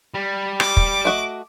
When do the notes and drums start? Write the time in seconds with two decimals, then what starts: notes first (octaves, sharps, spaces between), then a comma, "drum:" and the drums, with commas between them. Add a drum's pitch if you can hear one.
0.14 G3
0.60 D6, drum: rim click
0.77 drum: kick
1.05 A3 F#4 D#5